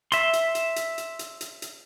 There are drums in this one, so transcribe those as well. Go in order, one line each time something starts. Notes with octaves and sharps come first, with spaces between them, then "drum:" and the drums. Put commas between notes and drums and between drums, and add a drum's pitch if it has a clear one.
E5 C6, drum: hi-hat
drum: hi-hat
drum: hi-hat
drum: hi-hat
drum: hi-hat
drum: hi-hat
drum: hi-hat
drum: hi-hat